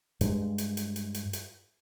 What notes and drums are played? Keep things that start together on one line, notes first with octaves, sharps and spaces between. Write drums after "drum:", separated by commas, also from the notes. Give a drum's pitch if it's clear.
G2 G#3, drum: hi-hat
drum: hi-hat
drum: hi-hat
drum: hi-hat
drum: hi-hat
drum: hi-hat